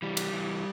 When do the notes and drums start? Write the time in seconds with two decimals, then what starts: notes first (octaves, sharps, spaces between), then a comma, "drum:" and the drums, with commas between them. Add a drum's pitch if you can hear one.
0.02 E3 G3
0.17 drum: cymbal
0.33 E3